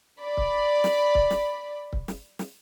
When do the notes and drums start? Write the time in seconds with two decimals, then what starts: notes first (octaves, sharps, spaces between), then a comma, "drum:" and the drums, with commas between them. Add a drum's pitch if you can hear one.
0.22 D5 B5
0.37 drum: kick C#1
0.84 drum: snare
1.15 drum: kick C#1
1.30 drum: snare
1.93 drum: kick C#1
2.08 drum: snare
2.39 drum: snare